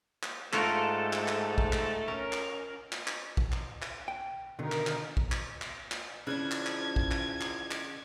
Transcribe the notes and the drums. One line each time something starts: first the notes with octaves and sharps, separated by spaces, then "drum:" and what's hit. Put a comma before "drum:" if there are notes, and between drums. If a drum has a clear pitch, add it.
drum: clap
G#2 A3 F4 F#4 A4 A#4, drum: clap
drum: clap
drum: clap
drum: kick A1
drum: clap
C#4 A#4
drum: clap
drum: clap
drum: clap
drum: kick A1
drum: clap
drum: clap
G5
B2 D3 D#3 D#4 A#4
drum: clap
drum: clap
drum: kick A1
drum: clap
drum: clap
drum: clap
C#3 E3 F3 D4 F#6 G#6
drum: clap
drum: clap
drum: kick A1
drum: clap
drum: clap
drum: clap